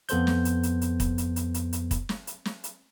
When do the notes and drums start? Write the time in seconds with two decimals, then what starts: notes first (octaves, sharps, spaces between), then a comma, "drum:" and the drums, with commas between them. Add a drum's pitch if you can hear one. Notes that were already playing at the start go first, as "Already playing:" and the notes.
0.09 F2 B3 A4 C5 G6, drum: hi-hat
0.27 drum: snare
0.45 drum: hi-hat
0.63 drum: hi-hat
0.82 drum: hi-hat
1.00 drum: kick, hi-hat
1.18 drum: hi-hat
1.36 drum: hi-hat
1.54 drum: hi-hat
1.73 drum: hi-hat
1.91 drum: kick, hi-hat
2.09 drum: snare
2.27 drum: hi-hat
2.45 drum: snare
2.64 drum: hi-hat